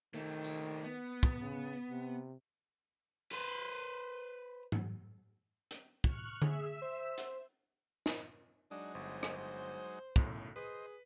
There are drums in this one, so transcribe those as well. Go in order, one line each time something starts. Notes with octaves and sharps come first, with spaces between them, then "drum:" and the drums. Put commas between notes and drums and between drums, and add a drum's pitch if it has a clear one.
D#3 A3 D#4
drum: tambourine
B3
drum: kick
C#3
C3
B4 C5
drum: tom G#2
drum: hi-hat
C#6 F6 F#6, drum: kick
G#4 E5 E6, drum: tom D3
C5
drum: hi-hat
drum: snare
F#3 G#3 D4 D#4
G1 C5
drum: rim click
B1 F#2 A2, drum: kick
G#4 B4 C5 D#5